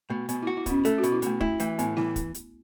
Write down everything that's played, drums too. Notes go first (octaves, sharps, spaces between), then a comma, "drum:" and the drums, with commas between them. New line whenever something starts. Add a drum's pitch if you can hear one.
B2 A3
B2 B3, drum: hi-hat
E4 F#4
E4
B2 C#4, drum: kick, hi-hat
A3 A4, drum: hi-hat
F#4
B2, drum: hi-hat
E4
B2 A3, drum: hi-hat
A3 E4, drum: kick
E3 A3, drum: hi-hat
A2 B3, drum: hi-hat
E3 E4, drum: snare G3
drum: kick, hi-hat
drum: hi-hat